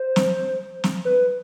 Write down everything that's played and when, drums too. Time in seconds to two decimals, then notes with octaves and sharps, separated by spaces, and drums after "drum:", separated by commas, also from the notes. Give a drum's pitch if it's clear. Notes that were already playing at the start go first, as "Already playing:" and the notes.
Already playing: C5
0.16 drum: snare
0.84 drum: snare
1.05 B4